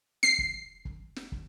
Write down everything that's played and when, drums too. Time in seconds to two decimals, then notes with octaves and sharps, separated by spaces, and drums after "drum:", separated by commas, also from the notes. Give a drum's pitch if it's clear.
0.23 C7, drum: snare
0.38 drum: kick
0.85 drum: kick
1.16 drum: snare
1.32 drum: kick